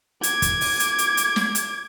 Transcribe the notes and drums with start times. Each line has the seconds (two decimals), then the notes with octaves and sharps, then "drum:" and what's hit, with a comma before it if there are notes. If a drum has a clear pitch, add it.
0.23 D6 G#6, drum: hi-hat
0.42 drum: kick, hi-hat
0.61 drum: open hi-hat
0.80 drum: hi-hat
0.98 drum: hi-hat
1.17 drum: hi-hat
1.36 drum: snare
1.55 drum: hi-hat